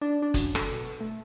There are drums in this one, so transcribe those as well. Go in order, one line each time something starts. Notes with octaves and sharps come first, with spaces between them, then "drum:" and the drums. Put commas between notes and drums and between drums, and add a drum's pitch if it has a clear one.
D4
D4
F#2, drum: kick F#1, hi-hat
A4, drum: rim click
B2
A3